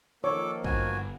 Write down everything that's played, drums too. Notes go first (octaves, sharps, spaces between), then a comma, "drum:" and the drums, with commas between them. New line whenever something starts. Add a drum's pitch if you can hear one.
D#3 F3 A#3 A4 C#5 D6
G1 F#4 G#5, drum: kick